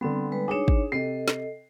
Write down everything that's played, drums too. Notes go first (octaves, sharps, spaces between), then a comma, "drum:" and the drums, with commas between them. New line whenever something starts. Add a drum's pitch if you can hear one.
D3 G3 B3 C4
G3 G#3 B4
D4 D#4 G#4 C#5 E7
drum: kick
C3 A4 D#5 C7
drum: snare